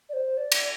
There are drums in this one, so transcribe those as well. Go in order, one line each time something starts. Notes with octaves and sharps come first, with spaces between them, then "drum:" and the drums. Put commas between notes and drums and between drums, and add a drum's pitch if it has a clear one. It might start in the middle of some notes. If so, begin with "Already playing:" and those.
D5
C5
D5
drum: cymbal